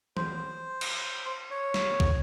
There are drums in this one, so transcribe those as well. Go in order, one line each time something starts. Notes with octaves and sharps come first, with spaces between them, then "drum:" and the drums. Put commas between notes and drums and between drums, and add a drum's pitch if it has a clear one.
C5, drum: tom E3
drum: cymbal
C#5
drum: snare
drum: kick